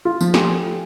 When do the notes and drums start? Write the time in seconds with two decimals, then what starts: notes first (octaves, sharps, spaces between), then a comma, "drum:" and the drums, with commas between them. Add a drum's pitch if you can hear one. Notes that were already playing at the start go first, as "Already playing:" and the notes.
0.05 F4
0.21 F3, drum: tambourine
0.34 G4 A4 G#5, drum: snare